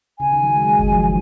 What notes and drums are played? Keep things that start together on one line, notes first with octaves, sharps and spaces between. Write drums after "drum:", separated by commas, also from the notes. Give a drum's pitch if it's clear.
C#3 G#5
D#3
F#3
G#3
G#3
F#3, drum: kick F#1
F3
D#3